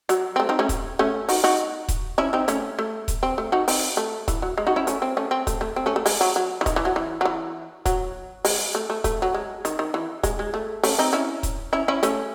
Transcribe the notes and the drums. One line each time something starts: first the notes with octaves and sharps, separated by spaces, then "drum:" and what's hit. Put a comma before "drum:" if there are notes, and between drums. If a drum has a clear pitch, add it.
F#3, drum: hi-hat
C4
A3
C4 D#4
A3 C#4
drum: kick D#1, hi-hat
A3 C#4
D#4 F#4, drum: open hi-hat
D#4 F#4
drum: kick D#1, hi-hat
C#4 E4
C4 D#4
A3 C#4, drum: hi-hat
A3
drum: kick D#1, hi-hat
C4
A3
D#4 F#4
C4 D#4, drum: open hi-hat
A3
E3, drum: kick D#1, hi-hat
F#3
G#3
D#4 F#4
C#4 E4
A3 C#4, drum: hi-hat
C4
A3 C#4
C4
A3, drum: kick D#1, hi-hat
A3
C4
A3 C#4
A3
G#3, drum: open hi-hat
F#3
F#3
E3
D#3, drum: kick D#1, hi-hat
E3
F#3
E3
F#3
E3
F#3, drum: kick D#1, hi-hat
G#3, drum: open hi-hat
A3
A3
A3, drum: kick D#1, hi-hat
F#3
G#3
D#3, drum: hi-hat
D#3
E3
G#3, drum: kick D#1, hi-hat
G#3
A3
A3 C#4, drum: open hi-hat
C4 D#4
C#4 E4
drum: kick D#1, hi-hat
C#4 E4
C#4 E4
A3 C#4, drum: hi-hat